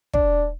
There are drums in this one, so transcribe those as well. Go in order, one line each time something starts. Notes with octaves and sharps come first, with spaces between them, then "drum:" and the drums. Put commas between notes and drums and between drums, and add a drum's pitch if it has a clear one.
D4, drum: kick